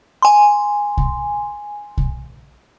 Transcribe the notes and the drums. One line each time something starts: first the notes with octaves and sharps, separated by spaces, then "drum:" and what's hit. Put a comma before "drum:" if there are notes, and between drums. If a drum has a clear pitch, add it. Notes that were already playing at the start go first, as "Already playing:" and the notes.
G#5 C6
drum: kick
drum: kick